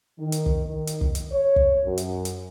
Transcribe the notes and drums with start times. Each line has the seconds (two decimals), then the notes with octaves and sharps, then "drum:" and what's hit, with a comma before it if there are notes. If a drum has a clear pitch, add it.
0.19 D#3
0.32 drum: hi-hat
0.46 drum: kick
0.65 D#3
0.87 drum: hi-hat
1.01 drum: kick
1.15 drum: hi-hat
1.32 C#5
1.56 drum: kick
1.84 F#2
1.98 drum: hi-hat
2.25 drum: hi-hat